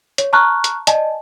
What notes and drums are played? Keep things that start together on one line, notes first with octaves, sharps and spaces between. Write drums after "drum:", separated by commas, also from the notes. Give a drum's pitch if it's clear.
C#5, drum: hi-hat
A5 A#5 C#6 F6 F#6
drum: hi-hat
D5 D#5 G#5 A5, drum: hi-hat